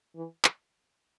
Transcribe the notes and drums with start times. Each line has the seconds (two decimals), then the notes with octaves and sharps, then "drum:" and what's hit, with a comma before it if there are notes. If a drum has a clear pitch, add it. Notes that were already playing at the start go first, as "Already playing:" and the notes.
0.16 E3
0.45 drum: clap